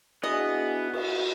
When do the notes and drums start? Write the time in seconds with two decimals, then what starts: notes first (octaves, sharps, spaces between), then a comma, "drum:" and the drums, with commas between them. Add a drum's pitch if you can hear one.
0.23 B3 D4 E4 F#4 G#4 D#5
0.93 F#4, drum: cymbal